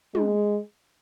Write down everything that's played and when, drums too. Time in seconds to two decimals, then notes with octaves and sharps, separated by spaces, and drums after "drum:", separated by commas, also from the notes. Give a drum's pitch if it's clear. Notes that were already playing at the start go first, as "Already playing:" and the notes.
0.15 G#3, drum: tom